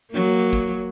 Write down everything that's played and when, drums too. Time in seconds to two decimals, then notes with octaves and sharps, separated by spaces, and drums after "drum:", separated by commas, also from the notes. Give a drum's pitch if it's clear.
0.11 F#3 A#3
0.53 drum: kick G1